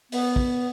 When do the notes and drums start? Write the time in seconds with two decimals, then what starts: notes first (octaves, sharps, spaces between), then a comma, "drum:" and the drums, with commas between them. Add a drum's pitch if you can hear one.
0.12 B3, drum: open hi-hat
0.36 drum: kick